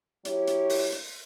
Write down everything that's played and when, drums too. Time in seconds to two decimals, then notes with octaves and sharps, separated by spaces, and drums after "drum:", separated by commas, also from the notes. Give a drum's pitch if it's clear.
0.25 F#3 E4 G4 C#5, drum: hi-hat
0.47 drum: hi-hat
0.70 drum: open hi-hat
0.92 drum: hi-hat